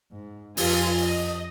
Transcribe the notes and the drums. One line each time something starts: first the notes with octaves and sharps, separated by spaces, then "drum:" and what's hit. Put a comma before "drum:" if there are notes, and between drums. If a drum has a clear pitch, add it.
G#2
F2 F4 G#5, drum: open hi-hat
D#5